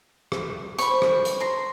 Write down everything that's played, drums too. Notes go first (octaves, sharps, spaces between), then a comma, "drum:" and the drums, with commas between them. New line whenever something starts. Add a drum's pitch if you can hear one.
drum: rim click
C5 B5 C#6, drum: hi-hat
drum: rim click
drum: hi-hat
A#5 C6